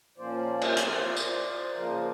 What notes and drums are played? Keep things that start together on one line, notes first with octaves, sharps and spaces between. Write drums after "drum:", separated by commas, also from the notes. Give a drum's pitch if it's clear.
A#2 F3 A#3 C#4 C5 D5
drum: cymbal
drum: hi-hat
drum: tambourine
C#3 F3 A#3 A#4 C5